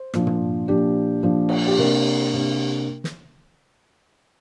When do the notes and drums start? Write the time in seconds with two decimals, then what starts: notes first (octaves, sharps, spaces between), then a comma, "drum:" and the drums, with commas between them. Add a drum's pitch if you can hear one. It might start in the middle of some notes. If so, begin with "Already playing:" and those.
Already playing: C5
0.14 A#2 F3 D4, drum: rim click
0.27 drum: tom
0.68 A#2 F3 D4 G4
1.23 A#2 F3 D4
1.49 drum: cymbal
1.67 G4
1.78 C3 A#3 D4 A#4
2.34 C3 A#3 D4
3.04 drum: snare